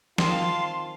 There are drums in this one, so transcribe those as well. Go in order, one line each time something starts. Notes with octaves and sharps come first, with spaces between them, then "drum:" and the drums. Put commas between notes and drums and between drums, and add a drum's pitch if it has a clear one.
D#3 C4 F4 F5 A5 C6, drum: snare F3